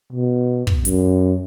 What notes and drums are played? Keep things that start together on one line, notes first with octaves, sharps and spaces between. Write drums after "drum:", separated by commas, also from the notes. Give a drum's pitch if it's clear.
B2
drum: kick
F#2, drum: hi-hat